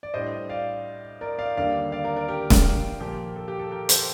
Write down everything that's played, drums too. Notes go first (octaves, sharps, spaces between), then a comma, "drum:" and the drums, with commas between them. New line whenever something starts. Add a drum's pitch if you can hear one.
D5
A2 G3 D4 C5 D#5
D5 F5
A#4 D5
D5 F5
D#2 D3 G3 A#3 D5 F5
D5 F5
A#4 D5
A#4 D5
G4 A#4
drum: snare
A#2 F3 A#3 G4
A4
G4
A4
G4 A#4
A4 C5, drum: hi-hat